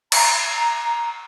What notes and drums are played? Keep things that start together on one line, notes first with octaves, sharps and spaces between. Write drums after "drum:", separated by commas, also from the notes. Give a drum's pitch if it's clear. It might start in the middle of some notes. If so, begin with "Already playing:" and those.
A#5, drum: cymbal